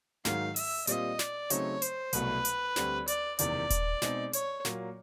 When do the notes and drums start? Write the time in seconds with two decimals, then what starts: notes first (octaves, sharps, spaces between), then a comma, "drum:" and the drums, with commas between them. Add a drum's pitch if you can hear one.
0.25 G#2 D#3 F#3 F5, drum: snare
0.56 E5, drum: open hi-hat
0.87 A#2 G3 C4 F4 D#5, drum: hi-hat
1.19 D5, drum: snare
1.50 C#3 F#3 A3 C4 D#4 C#5, drum: hi-hat
1.82 C5, drum: hi-hat
2.13 C2 B2 F#3 A3 B4, drum: hi-hat
2.45 drum: hi-hat
2.76 D2 D3 G3 C4, drum: snare
3.08 D5, drum: hi-hat
3.39 F#1 E2 C3 D#3 D5, drum: hi-hat
3.70 drum: kick D#1, hi-hat
4.02 B2 G#3 C4 D#4 G#4, drum: snare
4.33 C#5, drum: hi-hat
4.65 A#2 F#3 A#3, drum: snare